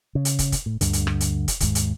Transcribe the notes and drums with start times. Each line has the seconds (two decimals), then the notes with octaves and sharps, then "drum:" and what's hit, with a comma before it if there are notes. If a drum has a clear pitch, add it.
0.15 C#3
0.25 drum: hi-hat
0.39 drum: kick, hi-hat
0.52 drum: kick, hi-hat
0.66 A2
0.81 D2 G2 D3, drum: hi-hat
0.93 drum: hi-hat
1.07 drum: rim click
1.20 drum: hi-hat
1.48 drum: kick, hi-hat
1.60 D#2 G#2, drum: kick, hi-hat
1.75 drum: hi-hat